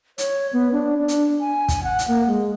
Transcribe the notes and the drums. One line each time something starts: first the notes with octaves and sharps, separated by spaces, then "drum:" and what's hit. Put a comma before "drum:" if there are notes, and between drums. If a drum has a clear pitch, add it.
C#5, drum: hi-hat
B3
D4
D4
drum: hi-hat
G#5
drum: kick, hi-hat
F#5
drum: hi-hat
A#3
G#3